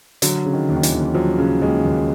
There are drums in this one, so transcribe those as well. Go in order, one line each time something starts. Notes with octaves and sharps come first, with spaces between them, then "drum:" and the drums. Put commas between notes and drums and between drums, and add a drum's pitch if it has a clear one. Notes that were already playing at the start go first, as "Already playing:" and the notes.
D3 F#3, drum: hi-hat
C#3
D#3
D#2
D#3
E3, drum: hi-hat
D#2
F3 F#3
C#3
D#2 G#3
D#2